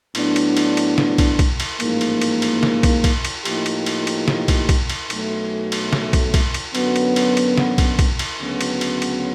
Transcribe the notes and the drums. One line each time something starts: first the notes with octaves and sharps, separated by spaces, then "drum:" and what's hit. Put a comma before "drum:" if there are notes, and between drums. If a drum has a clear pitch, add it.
A2 F#3 B3 D4, drum: cymbal
drum: cymbal
drum: cymbal
drum: cymbal
drum: snare
drum: kick, cymbal
drum: kick, cymbal
drum: cymbal
A1 G#2 F3 A#3, drum: cymbal
drum: cymbal
drum: cymbal
drum: cymbal
drum: snare
drum: kick, cymbal
drum: kick, cymbal
drum: cymbal
A2 F3 A#3 D#4 G4, drum: cymbal
drum: cymbal
drum: cymbal
drum: cymbal
drum: snare
drum: kick, cymbal
drum: kick, cymbal
drum: cymbal
B1 B2 F#3 A3, drum: cymbal
drum: cymbal
drum: snare
drum: kick, cymbal
drum: kick, cymbal
drum: cymbal
F#2 D3 F#3 B3, drum: cymbal
drum: cymbal
drum: cymbal
drum: cymbal
drum: snare
drum: kick, cymbal
drum: kick, cymbal
drum: cymbal
D2 C#3 F#3 B3
drum: cymbal
drum: cymbal
drum: cymbal